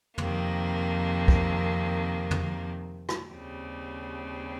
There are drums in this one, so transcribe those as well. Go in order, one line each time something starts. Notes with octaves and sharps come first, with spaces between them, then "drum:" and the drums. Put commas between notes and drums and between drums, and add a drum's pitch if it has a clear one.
F2 C3 D#3 A#3, drum: tom
drum: kick
drum: tom
drum: rim click
D#2 C#3 G3 C4